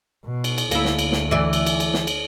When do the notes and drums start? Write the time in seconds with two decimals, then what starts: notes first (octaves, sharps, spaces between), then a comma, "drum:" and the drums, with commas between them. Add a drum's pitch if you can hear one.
0.25 B2
0.44 drum: cymbal
0.58 drum: cymbal
0.71 D2 A#3 E4, drum: cymbal
0.85 drum: snare
0.99 drum: cymbal
1.12 drum: snare
1.31 E3 D5
1.53 drum: cymbal
1.67 drum: cymbal
1.80 drum: cymbal
1.94 drum: snare
2.07 drum: cymbal